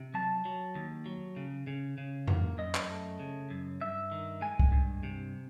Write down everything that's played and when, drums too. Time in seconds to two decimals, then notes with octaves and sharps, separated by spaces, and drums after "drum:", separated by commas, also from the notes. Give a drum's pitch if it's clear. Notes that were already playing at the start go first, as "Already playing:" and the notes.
Already playing: C3
0.14 F#3 A5
0.45 F#3
0.75 D#2
1.06 F#3
1.36 C#3
1.67 C#3
1.98 C#3
2.27 A#3, drum: tom F2
2.58 F#2 D#5
2.75 drum: clap
2.89 A3
3.20 C#3
3.50 F#2
3.81 G2 E5
4.12 D#3
4.41 G#3 G#5
4.59 drum: kick C2
4.72 G2
5.03 C3